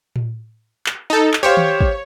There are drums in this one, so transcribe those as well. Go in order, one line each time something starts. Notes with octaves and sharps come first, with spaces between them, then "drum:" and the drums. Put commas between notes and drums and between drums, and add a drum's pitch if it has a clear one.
drum: tom A2
drum: clap
D#4 A4
drum: clap
G4 C5 C#5 F5
drum: tom D#3
drum: kick